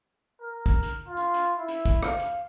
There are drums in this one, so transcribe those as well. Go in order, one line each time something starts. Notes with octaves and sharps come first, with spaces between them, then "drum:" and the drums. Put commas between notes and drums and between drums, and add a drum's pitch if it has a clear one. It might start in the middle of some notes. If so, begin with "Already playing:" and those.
A#4
drum: kick, hi-hat
drum: hi-hat
F4
drum: hi-hat
drum: hi-hat
E4
drum: hi-hat
drum: kick, hi-hat
F5, drum: rim click
drum: hi-hat